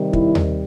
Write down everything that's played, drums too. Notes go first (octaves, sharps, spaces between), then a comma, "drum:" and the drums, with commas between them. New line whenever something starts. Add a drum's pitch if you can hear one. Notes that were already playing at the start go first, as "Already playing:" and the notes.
Already playing: C3 D#3 G3
E4, drum: kick
drum: tom D#2